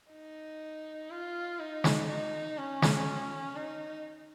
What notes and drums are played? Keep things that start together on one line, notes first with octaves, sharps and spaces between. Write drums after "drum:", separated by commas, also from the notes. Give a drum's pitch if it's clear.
D#4
F4
D#4
drum: snare
D#4
C#4
drum: snare
D#4